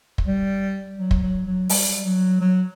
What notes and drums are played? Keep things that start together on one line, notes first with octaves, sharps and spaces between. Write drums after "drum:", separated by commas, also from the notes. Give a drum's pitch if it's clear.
drum: kick
G3
F#3
drum: kick
F#3
F#3
G3, drum: open hi-hat
F#3
F#3